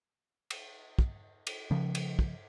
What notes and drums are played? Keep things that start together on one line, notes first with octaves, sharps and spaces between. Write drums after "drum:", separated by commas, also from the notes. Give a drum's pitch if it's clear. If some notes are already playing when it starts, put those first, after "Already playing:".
drum: cymbal
drum: kick
drum: cymbal
C#3 F3
drum: cymbal
drum: kick